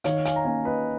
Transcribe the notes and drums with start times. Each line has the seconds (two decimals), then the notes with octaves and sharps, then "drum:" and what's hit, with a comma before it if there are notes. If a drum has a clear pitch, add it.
0.04 D#3 C#5 F5, drum: hi-hat
0.25 F5 G#5, drum: hi-hat
0.36 A#5
0.44 A#3 C#4 F5 G#5
0.65 B4 D#5